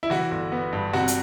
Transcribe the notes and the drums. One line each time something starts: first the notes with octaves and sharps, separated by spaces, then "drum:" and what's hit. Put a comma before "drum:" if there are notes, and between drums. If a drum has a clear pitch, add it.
E4
E3 F#4, drum: snare
G1
B3
G2
C3 F#4, drum: snare
drum: hi-hat